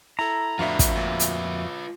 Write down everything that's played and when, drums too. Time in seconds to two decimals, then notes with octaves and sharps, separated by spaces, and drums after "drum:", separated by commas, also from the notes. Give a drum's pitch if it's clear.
0.19 E4 A4 A#5
0.59 F2 A2 D4 F4 F#4 B4 E5 F5
0.79 drum: kick, hi-hat
0.96 D2 A#2
1.19 drum: hi-hat